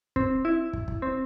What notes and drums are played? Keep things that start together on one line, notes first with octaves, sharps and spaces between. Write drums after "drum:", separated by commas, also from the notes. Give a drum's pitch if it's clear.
C4, drum: kick
E4
drum: kick
drum: kick
C4